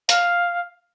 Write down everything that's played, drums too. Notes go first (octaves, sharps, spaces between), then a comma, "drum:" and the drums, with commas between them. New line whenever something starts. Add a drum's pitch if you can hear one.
F5, drum: hi-hat